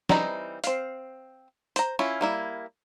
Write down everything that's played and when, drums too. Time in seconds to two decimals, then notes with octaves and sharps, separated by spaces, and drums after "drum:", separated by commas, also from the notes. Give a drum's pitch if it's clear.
0.09 E3 G3 C4 D#4 A#5, drum: snare
0.64 C4 F5, drum: hi-hat
1.76 C5 A#5, drum: hi-hat
1.99 C#4 E4 F4
2.21 G3 A#3 E4